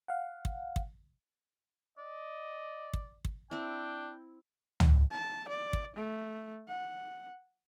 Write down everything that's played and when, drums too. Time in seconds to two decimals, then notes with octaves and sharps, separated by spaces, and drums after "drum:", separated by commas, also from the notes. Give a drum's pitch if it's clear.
0.08 F5 F#5
0.45 drum: kick
0.76 drum: kick
1.98 D5 D#5
2.93 drum: kick
3.25 drum: kick
3.51 C4 D4 E4 G5
4.80 drum: tom
5.11 A5
5.48 D5
5.73 drum: kick
5.96 A3
6.68 F#5